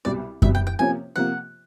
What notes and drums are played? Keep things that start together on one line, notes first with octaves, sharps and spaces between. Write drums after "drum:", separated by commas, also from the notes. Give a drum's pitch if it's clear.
C2 B2 G3 D5
C2 B2 G3 E5, drum: kick F#2
G5
G5
C3 F3 A#3 C#4 G#5
C3 F3 A#3 F#5